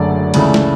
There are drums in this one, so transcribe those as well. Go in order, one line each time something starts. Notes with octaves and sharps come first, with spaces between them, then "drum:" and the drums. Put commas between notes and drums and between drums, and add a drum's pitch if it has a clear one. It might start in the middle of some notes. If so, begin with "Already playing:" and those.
Already playing: F#1 F#2 D3 F#3 A3 D5
C#2 C#3 E3 A3, drum: cymbal
drum: snare